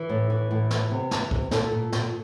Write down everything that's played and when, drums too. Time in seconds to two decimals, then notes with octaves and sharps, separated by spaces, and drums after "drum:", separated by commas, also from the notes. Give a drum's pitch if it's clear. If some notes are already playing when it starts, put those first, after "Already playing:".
Already playing: E3
0.09 A2
0.30 E3
0.51 A2
0.71 E3, drum: snare
0.91 C3
1.11 E3, drum: snare
1.31 C3, drum: kick C2
1.51 A#2 A4, drum: snare
1.72 A#2
1.92 A#2, drum: snare